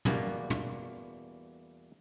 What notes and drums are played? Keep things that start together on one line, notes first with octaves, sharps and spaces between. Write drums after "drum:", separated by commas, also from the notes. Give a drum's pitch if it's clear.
E2 B2 G3 A#3 B3, drum: tom
drum: tom